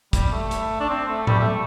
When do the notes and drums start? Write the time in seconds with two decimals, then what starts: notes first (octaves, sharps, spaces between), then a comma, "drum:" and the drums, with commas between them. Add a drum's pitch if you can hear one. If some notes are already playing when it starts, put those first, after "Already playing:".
0.13 G3, drum: kick, hi-hat
0.32 A3
0.51 drum: hi-hat
0.80 D4
0.89 C4
1.09 A3
1.27 G3, drum: tom A2
1.40 A3